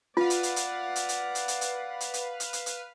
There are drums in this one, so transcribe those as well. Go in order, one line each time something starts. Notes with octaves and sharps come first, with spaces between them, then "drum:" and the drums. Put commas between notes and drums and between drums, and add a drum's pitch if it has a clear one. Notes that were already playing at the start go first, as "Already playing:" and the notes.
F4 B4 D5 F5 F#5
drum: hi-hat
drum: hi-hat
drum: hi-hat
drum: hi-hat
drum: hi-hat
drum: hi-hat
drum: hi-hat
drum: hi-hat
drum: hi-hat
drum: hi-hat
drum: hi-hat
drum: hi-hat
drum: hi-hat